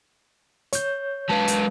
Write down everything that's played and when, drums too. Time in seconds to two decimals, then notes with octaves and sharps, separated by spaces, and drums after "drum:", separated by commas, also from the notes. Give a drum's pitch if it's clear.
0.73 C#5 G6, drum: hi-hat
1.30 F#3 G#3 B4 F5 A5
1.48 drum: hi-hat